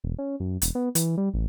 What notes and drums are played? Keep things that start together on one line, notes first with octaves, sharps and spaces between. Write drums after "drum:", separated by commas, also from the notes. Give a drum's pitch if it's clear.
E1
C#4
F#2
E1, drum: hi-hat
B3
E3, drum: hi-hat
G3
A1